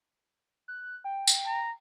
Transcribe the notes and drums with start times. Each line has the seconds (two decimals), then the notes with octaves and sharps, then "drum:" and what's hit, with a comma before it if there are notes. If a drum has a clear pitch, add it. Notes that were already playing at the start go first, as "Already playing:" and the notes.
0.68 F#6
1.04 G5
1.28 drum: tambourine
1.46 A#5